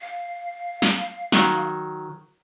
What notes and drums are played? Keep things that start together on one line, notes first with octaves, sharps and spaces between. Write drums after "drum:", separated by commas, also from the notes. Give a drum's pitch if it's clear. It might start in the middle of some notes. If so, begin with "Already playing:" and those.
F5
drum: snare
D#3 F#3, drum: snare